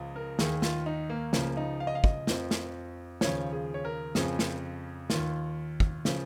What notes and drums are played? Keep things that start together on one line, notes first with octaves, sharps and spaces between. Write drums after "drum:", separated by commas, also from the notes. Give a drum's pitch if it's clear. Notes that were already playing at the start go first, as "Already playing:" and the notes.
Already playing: C#2 C#3 F3
A#4
D#2 D#3 G#4, drum: snare
F4, drum: snare
D#4
A#3
C#2 C#3 F3 A#3, drum: snare
D#4
F5
D#5
F5
D#5, drum: kick
F2 F3, drum: snare
drum: snare
D#2 C#3 F3 C#5, drum: snare
G#4
C#5
A#4
F2 C#3 F3 G#4, drum: snare
drum: snare
D#2 D#3 F4, drum: snare
drum: kick
C#3 F3, drum: snare